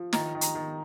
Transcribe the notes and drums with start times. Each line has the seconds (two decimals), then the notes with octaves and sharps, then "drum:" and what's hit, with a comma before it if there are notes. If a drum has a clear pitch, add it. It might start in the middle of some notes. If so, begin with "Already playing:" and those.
Already playing: F3
0.13 D#3 A#5, drum: snare
0.35 D#3
0.41 A#5, drum: hi-hat
0.55 D#3